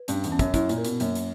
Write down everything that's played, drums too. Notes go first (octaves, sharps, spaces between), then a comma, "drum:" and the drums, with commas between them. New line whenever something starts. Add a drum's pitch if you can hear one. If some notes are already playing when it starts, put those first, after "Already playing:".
Already playing: B4
G2 C#4, drum: hi-hat
E2, drum: hi-hat
C#4
F#2, drum: kick, hi-hat
F#2 E4, drum: kick, hi-hat
A#2, drum: hi-hat
A#4
B2, drum: hi-hat
F#2 A#3, drum: hi-hat
drum: hi-hat